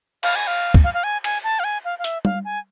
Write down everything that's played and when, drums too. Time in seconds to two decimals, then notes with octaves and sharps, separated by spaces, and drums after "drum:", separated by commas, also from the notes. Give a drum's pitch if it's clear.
0.23 F5, drum: cymbal
0.35 G#5
0.47 F5
0.74 drum: kick
0.84 F5
0.94 F5
1.04 G#5
1.24 G#5, drum: cymbal
1.44 A5
1.59 F5
1.64 G#5
1.85 F5
1.99 F5
2.04 E5, drum: hi-hat
2.25 F5, drum: tom G3
2.45 G#5